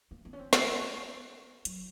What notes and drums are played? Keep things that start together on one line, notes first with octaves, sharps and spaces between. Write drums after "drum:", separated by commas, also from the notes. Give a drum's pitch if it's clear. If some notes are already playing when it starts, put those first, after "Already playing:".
A#3
B3
C#4
C4
B3, drum: snare
F#3, drum: hi-hat